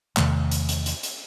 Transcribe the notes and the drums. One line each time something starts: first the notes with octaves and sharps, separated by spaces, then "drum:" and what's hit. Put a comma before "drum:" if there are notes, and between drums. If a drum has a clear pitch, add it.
E2 C3 D#3 A3, drum: clap
drum: hi-hat
drum: hi-hat
drum: hi-hat
drum: hi-hat